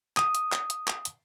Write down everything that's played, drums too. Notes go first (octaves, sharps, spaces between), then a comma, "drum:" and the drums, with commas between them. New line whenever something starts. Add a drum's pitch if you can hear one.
D#6, drum: clap
drum: hi-hat
drum: clap
drum: hi-hat
drum: clap
drum: hi-hat